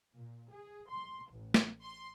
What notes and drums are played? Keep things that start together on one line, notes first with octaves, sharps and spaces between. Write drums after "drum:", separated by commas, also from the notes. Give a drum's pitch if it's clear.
A#2
G#4
C6
A1
drum: snare
C6